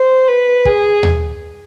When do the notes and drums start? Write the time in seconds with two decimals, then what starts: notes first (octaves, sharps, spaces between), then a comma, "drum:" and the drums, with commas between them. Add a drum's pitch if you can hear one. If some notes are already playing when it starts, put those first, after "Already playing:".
Already playing: C5
0.28 B4
0.65 G#4, drum: kick
1.03 drum: tom D#2